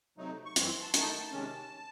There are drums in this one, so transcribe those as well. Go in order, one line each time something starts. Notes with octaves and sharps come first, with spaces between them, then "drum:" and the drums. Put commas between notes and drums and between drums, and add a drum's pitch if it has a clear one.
C3 F#3 A3 D#4
C#6
F#2 E3 C4 C6, drum: hi-hat
C6
A5
D#3 A3 D#4 A5, drum: hi-hat
C3 D#3 G#3 C#4